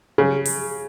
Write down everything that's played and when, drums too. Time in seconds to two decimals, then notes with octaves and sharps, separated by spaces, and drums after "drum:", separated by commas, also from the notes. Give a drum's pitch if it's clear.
0.18 C#3
0.45 drum: open hi-hat